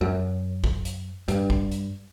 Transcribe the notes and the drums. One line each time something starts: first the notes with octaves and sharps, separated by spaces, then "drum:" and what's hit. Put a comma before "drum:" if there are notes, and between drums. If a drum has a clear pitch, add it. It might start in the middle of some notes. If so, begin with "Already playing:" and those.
F#2
drum: kick
drum: hi-hat
G2, drum: hi-hat
drum: kick
drum: hi-hat